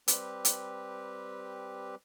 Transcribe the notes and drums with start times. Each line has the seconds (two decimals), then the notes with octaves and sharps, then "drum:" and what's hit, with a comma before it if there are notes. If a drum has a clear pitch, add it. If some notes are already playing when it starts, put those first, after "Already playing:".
0.08 G3 C4 G4 B4, drum: hi-hat
0.45 drum: hi-hat